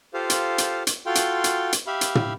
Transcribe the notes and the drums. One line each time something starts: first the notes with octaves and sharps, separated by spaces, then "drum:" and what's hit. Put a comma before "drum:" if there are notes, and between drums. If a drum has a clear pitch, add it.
F4 G4 A4 C5 F5
drum: hi-hat
drum: hi-hat
drum: hi-hat
F4 F#4 A4 F5 G5 C6
drum: hi-hat
drum: hi-hat
drum: hi-hat
G4 E5 F5 B5
drum: hi-hat
drum: tom